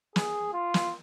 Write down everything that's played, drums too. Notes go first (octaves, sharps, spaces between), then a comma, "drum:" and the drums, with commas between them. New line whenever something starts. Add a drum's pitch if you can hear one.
G#4, drum: snare
F4
drum: snare